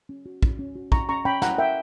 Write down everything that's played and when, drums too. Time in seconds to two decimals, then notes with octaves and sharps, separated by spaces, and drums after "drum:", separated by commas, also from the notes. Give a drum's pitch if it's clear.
0.09 C#4
0.26 F#4
0.43 C#4, drum: kick
0.59 C#4
0.75 F#4
0.92 C#4 A#5 C#6, drum: kick
1.09 C#4 A#5 C#6
1.25 C#4 G5 B5
1.42 E4 F#5 A#5, drum: snare
1.58 A#4 E5 G5